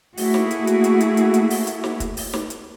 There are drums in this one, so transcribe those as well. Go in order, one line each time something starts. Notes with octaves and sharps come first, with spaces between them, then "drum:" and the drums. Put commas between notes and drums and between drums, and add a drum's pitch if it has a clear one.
A3 A#3 E4 F#4 G#4, drum: open hi-hat
drum: snare
drum: hi-hat
drum: hi-hat
drum: hi-hat
drum: hi-hat
drum: hi-hat
drum: hi-hat
drum: open hi-hat
drum: hi-hat
drum: snare
drum: kick, hi-hat
drum: open hi-hat
drum: snare
drum: hi-hat